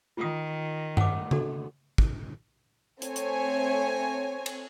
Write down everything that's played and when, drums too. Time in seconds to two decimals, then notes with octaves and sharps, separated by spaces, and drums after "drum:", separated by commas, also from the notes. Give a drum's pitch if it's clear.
0.17 D#3 F4 D#6
0.97 F#5 D6, drum: tom G2
1.31 D4 F#4 A4, drum: tom C#3
1.98 drum: kick
3.02 A3 C4 C#5 G#5, drum: hi-hat
3.16 drum: hi-hat
4.46 drum: cymbal